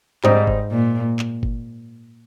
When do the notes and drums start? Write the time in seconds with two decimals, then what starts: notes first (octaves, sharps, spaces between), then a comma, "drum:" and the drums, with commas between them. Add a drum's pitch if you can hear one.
0.24 G#2 G3 C4 D#4, drum: clap
0.47 drum: kick G1
0.71 A#2
1.19 drum: clap
1.43 drum: kick G1